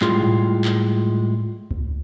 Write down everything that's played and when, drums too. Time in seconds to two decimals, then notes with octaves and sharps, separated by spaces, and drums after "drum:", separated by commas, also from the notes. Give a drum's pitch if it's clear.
0.01 A2 G3 G#3 F4, drum: clap
0.22 drum: tom A2
0.65 drum: clap
1.71 drum: kick C#2